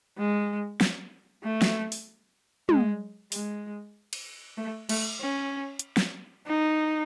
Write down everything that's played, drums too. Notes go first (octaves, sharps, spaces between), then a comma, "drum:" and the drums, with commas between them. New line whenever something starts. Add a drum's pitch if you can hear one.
G#3
drum: snare
A3
drum: snare
drum: open hi-hat
G#3, drum: tom
G#3, drum: open hi-hat
drum: cymbal
A3
A3, drum: cymbal
C#4
drum: hi-hat
drum: snare
D#4